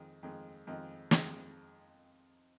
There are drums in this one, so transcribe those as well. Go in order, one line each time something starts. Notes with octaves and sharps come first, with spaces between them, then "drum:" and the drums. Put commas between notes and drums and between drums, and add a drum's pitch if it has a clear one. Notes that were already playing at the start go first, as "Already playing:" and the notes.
Already playing: F2 D#3 G#3
F2 D#3 G#3
F2 D#3 G#3
F2 D#3 G#3, drum: snare